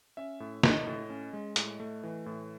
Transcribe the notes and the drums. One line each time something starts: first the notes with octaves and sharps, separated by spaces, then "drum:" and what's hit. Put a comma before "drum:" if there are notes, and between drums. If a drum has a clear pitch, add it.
C#4 E5
A2
A2 D#5, drum: snare
A2
C#4
G#3
A2, drum: hi-hat
A3
E3
A2